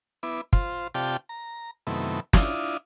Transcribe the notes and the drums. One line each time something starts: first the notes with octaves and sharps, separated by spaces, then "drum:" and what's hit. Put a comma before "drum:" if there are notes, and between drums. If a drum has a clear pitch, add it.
B3 E4 D6
F4 C5, drum: kick
C3 F4 G4 D5 G5 A5
A#5
F#2 C3 D#3 A3 B3 E4
D4 E4 F4 D#6, drum: snare